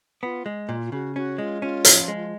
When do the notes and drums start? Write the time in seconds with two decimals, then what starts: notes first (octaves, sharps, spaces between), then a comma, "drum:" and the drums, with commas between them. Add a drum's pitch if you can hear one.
0.23 B3 F4
0.46 G#3
0.69 A#2 F4
0.86 F4
0.92 C#3 F#4
1.15 C#4 F#4
1.38 G#3 F4
1.62 C#4 F4
1.84 F3, drum: hi-hat
2.08 G#3